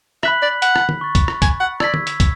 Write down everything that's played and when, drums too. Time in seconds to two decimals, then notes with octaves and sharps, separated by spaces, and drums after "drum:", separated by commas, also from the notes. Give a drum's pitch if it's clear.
0.23 E5 B5 F#6 B6 F#7, drum: rim click
0.42 D5
0.62 F#5, drum: hi-hat
0.76 drum: rim click
0.89 drum: tom D3
1.01 C#6 F#6 A6
1.15 drum: kick, hi-hat
1.28 drum: rim click
1.42 G#5, drum: kick, hi-hat
1.60 F#5
1.80 D5 E6 G#6 B6, drum: rim click
1.94 drum: tom D3
2.07 drum: hi-hat
2.20 drum: kick, hi-hat